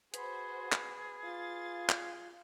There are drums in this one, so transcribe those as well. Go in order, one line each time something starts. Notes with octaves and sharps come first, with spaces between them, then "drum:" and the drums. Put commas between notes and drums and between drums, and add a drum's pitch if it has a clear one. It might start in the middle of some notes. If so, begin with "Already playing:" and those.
F#4 G#4 B4 C5 B5, drum: hi-hat
drum: clap
F4 A6
drum: clap